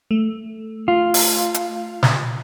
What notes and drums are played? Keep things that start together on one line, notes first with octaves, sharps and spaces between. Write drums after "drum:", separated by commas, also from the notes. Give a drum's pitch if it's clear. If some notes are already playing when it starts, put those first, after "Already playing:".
A3
F4
drum: open hi-hat
drum: hi-hat
drum: snare